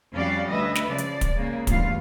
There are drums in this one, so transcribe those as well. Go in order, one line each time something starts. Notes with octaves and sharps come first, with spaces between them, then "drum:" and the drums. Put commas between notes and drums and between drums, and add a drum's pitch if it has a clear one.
F2 G3 C#4 F#4 D5 F5
D2 B4 D#5 E5
drum: snare
C#3 F3 D5
drum: hi-hat
drum: kick, hi-hat
C#3 G#3 A#3
E2 G2 A3 F4 F5, drum: kick, hi-hat